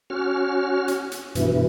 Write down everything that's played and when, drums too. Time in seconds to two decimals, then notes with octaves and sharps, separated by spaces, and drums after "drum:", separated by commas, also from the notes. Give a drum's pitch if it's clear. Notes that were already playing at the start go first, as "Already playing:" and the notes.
0.10 C#4 F#4 F6
0.88 drum: hi-hat
1.12 drum: hi-hat
1.35 G2 B2 E3, drum: hi-hat